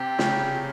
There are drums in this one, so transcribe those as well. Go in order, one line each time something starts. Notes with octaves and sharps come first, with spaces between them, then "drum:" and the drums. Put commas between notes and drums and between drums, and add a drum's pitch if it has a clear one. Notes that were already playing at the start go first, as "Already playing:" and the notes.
Already playing: C3 C4 G4
C#3 C#4, drum: snare